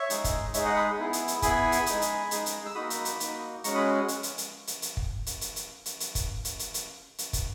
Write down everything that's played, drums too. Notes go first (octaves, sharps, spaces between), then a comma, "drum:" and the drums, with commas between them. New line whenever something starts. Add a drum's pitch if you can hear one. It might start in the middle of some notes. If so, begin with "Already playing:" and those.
Already playing: C#5 E5
G#3 D#4 G#4, drum: hi-hat
drum: kick, hi-hat
G#3 D#4 G#4 C#5 E5, drum: hi-hat
D#5 F#5
B5 D#6
B3 E4 G#4
drum: hi-hat
drum: hi-hat
B3 E4 G#4 G#5 B5, drum: kick, hi-hat
drum: hi-hat
G#3 D#4 G#4, drum: hi-hat
drum: hi-hat
G#3 D#4 G#4, drum: hi-hat
drum: hi-hat
E6
A#3 D#4 F#4 B5 D#6
drum: hi-hat
drum: hi-hat
A#3 D#4 F#4, drum: hi-hat
G#3 C#4 F#4 A#5 C#6, drum: hi-hat
B5 D#6
drum: hi-hat
drum: hi-hat
drum: hi-hat
drum: hi-hat
drum: hi-hat
drum: kick
drum: hi-hat
drum: hi-hat
drum: hi-hat
drum: hi-hat
drum: hi-hat
drum: kick, hi-hat
drum: hi-hat
drum: hi-hat
drum: hi-hat
drum: hi-hat
drum: kick, hi-hat